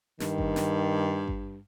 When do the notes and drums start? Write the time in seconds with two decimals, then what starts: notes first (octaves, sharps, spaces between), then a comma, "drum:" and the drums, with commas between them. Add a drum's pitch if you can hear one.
0.20 G2 D#3, drum: snare
0.38 drum: kick G#1
0.56 drum: snare
1.28 drum: kick G#1